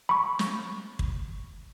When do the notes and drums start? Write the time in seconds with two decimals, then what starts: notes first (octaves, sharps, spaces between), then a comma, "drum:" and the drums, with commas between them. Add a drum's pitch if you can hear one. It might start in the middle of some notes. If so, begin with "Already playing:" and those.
0.09 B5 C#6
0.39 drum: snare
0.99 drum: kick